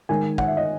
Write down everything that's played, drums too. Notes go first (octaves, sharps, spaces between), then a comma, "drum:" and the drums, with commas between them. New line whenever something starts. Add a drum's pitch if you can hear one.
D#3 G#3 G#5
F#5, drum: kick
E5
D#5